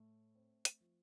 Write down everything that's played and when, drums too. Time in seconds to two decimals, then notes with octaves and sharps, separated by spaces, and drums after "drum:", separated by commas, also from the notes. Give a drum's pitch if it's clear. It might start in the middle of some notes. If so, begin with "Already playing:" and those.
Already playing: A2 A3
0.35 C4
0.65 drum: hi-hat
0.80 F3